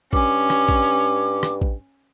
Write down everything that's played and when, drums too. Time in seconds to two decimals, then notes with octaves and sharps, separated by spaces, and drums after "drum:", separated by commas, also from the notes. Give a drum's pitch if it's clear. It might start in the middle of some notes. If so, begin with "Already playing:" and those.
0.13 G2 C#4 D6, drum: kick
0.50 drum: rim click
0.69 drum: kick
1.43 drum: rim click
1.62 drum: kick